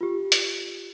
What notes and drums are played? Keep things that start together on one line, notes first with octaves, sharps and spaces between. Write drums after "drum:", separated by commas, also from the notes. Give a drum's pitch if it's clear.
F4 G4
drum: hi-hat